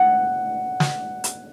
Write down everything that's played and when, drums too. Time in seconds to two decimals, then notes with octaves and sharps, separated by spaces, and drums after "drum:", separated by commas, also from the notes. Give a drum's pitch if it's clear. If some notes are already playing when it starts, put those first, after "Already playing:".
Already playing: F#5
0.80 drum: snare
1.24 drum: hi-hat